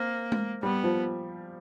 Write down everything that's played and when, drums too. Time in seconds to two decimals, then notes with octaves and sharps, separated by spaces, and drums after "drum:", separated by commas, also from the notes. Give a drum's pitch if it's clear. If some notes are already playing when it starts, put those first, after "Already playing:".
Already playing: A#3 C4
0.32 drum: tom G#3
0.62 G3 B3
0.84 F3